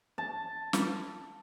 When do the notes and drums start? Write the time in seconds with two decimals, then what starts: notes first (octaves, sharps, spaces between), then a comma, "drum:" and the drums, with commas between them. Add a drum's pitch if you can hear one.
0.18 A5
0.73 drum: snare